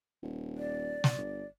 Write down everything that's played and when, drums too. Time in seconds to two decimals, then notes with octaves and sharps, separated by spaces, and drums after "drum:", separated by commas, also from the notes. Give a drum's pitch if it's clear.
0.23 D#1
0.57 D5
1.04 drum: snare
1.17 G1